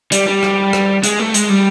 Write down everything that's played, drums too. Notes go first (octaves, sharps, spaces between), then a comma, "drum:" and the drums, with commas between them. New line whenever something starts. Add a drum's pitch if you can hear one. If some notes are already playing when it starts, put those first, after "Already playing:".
G3, drum: hi-hat
G3
drum: rim click
drum: rim click
G#3, drum: hi-hat
A3
G#3, drum: hi-hat
G3